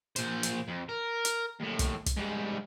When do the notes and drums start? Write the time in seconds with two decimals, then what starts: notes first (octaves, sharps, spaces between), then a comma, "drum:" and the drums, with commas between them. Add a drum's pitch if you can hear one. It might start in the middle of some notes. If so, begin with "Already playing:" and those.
0.16 A#2 C5, drum: hi-hat
0.43 drum: hi-hat
0.68 F2
0.89 A#4
1.25 drum: hi-hat
1.60 D#2 A2
1.79 drum: kick, hi-hat
2.06 drum: kick, hi-hat
2.17 G#2 G3